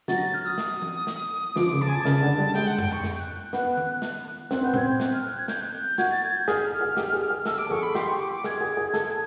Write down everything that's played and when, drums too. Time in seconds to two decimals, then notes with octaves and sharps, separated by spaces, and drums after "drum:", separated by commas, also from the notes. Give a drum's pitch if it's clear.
0.08 F#3 A6, drum: snare
0.17 A#6
0.20 A6
0.33 F6
0.45 D#6
0.58 drum: snare
0.82 drum: tom E3
1.07 drum: snare
1.56 F3 D6, drum: snare
1.73 C#3
1.81 A5, drum: tom D#3
1.88 G#5
1.95 A5
2.05 C#3, drum: snare
2.22 D3
2.38 G3
2.54 G#3 G5, drum: snare
2.66 F#5
2.79 G5, drum: tom F2
2.92 C#6
3.04 drum: snare
3.15 G6
3.19 F#6
3.37 F#6
3.53 B3, drum: snare
3.77 drum: tom D#3
4.02 drum: snare
4.51 C4 F#6, drum: snare
4.63 B3 G6
4.74 C4 G#6, drum: tom A2
4.87 G6
5.00 F#6, drum: snare
5.13 F6
5.24 F#6
5.37 G#6
5.48 G6, drum: snare
5.60 F#6
5.71 G6
5.98 F#4 G#6, drum: snare
6.10 A6
6.23 G#6
6.36 G6
6.48 G#4 F6, drum: snare
6.81 G#4
6.97 G4, drum: snare
7.13 G#4
7.30 G#4
7.46 A4 E6, drum: snare
7.58 D6
7.66 A4
7.71 G#4 C#6, drum: tom E3
7.82 B5
7.95 G4 C6, drum: snare
8.07 C#6
8.19 D6
8.33 D6
8.44 G#4 G#6, drum: snare
8.61 G#4
8.77 G#4
8.94 A4, drum: snare